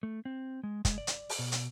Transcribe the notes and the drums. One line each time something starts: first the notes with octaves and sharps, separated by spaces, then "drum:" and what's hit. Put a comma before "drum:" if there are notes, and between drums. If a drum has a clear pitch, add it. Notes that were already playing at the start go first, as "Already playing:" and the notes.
A3
C4
G#3
G#3, drum: kick, hi-hat
D5
drum: hi-hat
drum: open hi-hat
B2
drum: hi-hat